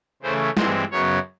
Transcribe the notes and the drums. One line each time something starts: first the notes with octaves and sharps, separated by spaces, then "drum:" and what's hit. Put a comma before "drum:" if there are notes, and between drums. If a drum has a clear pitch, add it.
C#3 E3 A3 C#4 C5
G2 E3 G#3 C4 C5, drum: snare
F#2 C#3 F#3 B3 C#5